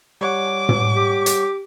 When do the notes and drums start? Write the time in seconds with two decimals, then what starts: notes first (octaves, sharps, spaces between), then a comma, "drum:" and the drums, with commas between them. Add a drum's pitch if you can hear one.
0.21 G3 C#5 F#5 D6
0.69 drum: tom
0.95 G4
1.26 drum: hi-hat